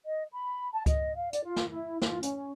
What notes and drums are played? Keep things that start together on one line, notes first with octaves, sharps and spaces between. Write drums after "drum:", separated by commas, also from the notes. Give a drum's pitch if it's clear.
D#5
B5
A5
D#5, drum: kick C#2, hi-hat
F5
D5, drum: hi-hat
F4
drum: snare
E4
F4, drum: snare
C#4, drum: hi-hat